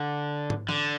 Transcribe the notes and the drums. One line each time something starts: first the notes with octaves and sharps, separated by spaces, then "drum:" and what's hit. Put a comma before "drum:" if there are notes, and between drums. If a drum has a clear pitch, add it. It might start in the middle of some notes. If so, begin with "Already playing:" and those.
Already playing: D3
drum: tom
D3, drum: tom E3